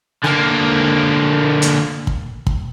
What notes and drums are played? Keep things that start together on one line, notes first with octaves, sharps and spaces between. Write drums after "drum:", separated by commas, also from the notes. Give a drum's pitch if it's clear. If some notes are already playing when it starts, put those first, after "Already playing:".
D3 A#3, drum: rim click
drum: hi-hat
drum: kick
drum: kick